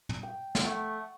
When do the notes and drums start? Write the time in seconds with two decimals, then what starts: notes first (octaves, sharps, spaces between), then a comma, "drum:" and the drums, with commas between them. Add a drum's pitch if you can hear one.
0.09 drum: tom
0.23 G5
0.55 drum: snare
0.65 A3 F#5 C#6